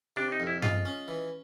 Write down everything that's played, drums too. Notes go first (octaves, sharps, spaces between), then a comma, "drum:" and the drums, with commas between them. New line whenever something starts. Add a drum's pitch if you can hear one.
C3 D4
D#4
F2
E4
G#3 F4, drum: tom G2
C#4
E3